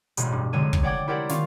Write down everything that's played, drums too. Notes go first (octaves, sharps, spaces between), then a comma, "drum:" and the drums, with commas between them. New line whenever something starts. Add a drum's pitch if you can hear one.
E1 A1 B2, drum: hi-hat
G2
F1 D3 G#3 C4 C#5 D#7
drum: kick
C#5 D5 F#5 G5 D6 G#6
E4 G4 A#4 C5 D5 F#5
D#3 F4 F5 C#6, drum: snare